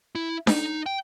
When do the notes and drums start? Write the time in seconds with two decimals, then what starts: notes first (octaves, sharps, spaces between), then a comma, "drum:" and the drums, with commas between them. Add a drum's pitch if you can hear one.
0.15 E4
0.47 D#4, drum: snare D4
0.86 G5